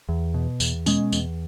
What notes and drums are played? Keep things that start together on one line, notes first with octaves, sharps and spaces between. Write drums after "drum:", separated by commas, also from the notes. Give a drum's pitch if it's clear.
E2
B2
E2, drum: tambourine
B2 G#3 C#4, drum: tambourine
E2, drum: tambourine